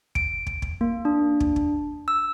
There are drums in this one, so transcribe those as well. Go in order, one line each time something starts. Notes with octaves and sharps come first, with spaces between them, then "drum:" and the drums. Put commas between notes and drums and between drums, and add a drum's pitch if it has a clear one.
D7, drum: kick
drum: kick
drum: kick
A#3
D4
drum: kick
drum: kick
E6